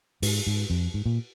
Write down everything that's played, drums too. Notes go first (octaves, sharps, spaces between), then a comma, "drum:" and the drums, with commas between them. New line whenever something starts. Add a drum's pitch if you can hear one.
G#2, drum: open hi-hat
G#2
F2
G#2
A#2